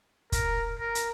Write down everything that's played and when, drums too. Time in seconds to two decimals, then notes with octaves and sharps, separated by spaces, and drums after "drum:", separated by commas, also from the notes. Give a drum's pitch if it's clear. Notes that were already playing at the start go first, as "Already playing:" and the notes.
0.32 A#4, drum: kick, hi-hat
0.79 A#4
0.95 drum: hi-hat